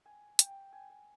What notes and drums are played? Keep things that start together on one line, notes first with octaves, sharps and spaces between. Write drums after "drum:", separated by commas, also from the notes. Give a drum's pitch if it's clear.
G#5
G5, drum: hi-hat
G#5
G#5